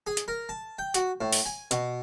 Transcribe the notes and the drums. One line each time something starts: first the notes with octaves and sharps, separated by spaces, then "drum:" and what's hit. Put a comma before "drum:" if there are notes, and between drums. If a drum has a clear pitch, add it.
G#4
drum: hi-hat
A#4
A5
G5
F#4, drum: hi-hat
A2
drum: open hi-hat
G#5
B2, drum: hi-hat